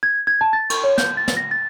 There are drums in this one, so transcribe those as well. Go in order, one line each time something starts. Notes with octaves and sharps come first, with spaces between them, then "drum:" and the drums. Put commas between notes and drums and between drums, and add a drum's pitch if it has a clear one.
G#6
G#6
A5
A6
C#6, drum: cymbal
C#5
G6, drum: snare
A6
drum: snare
A#6
A6